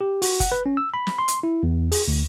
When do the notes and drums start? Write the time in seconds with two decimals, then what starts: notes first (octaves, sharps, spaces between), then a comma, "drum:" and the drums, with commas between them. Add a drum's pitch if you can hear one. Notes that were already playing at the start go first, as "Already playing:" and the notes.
0.01 G4
0.22 F#4, drum: open hi-hat
0.40 F#5, drum: kick, hi-hat
0.52 B4
0.66 C#4
0.77 E6
0.94 B5
1.07 drum: snare
1.18 C6
1.28 drum: hi-hat
1.43 E4
1.63 E2
1.92 G#4, drum: open hi-hat
2.08 D2